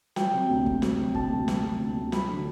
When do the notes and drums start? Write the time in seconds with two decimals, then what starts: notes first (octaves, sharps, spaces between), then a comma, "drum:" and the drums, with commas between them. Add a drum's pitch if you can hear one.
0.16 F#3 G5, drum: snare
0.34 C3
0.49 D2
0.66 D2, drum: kick
0.82 F#3, drum: snare
0.98 C3
1.14 D2 A5, drum: kick
1.31 D2
1.48 F#3, drum: snare
1.64 C3
1.80 D2
1.96 D2
2.12 F#3 B5, drum: snare
2.28 D3